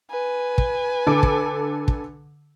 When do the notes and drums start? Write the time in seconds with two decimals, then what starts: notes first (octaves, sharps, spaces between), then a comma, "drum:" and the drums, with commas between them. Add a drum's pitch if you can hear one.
0.10 B4 G#5
0.58 drum: kick
1.07 D3 A4 D6
1.23 drum: kick
1.88 drum: kick